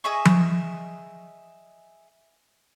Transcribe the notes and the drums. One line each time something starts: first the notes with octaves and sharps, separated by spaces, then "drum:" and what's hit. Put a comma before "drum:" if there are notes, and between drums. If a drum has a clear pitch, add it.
G#4 D#5 E5 C#6
drum: tom F3